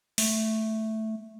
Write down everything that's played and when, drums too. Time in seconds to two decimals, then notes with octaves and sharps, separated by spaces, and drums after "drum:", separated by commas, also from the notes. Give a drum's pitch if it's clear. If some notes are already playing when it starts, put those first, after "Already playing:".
0.18 A3, drum: open hi-hat